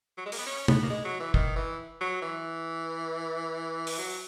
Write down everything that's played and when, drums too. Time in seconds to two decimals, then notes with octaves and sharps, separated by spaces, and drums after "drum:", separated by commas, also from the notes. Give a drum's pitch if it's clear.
0.18 F#3
0.26 G#3
0.32 A#3, drum: open hi-hat
0.38 B3
0.46 C#4
0.68 B3, drum: tom
0.83 A#3
0.90 G#3
1.05 F#3
1.20 E3
1.34 D#3, drum: kick
1.56 E3
2.01 F#3
2.22 E3
3.87 drum: open hi-hat
3.98 F#3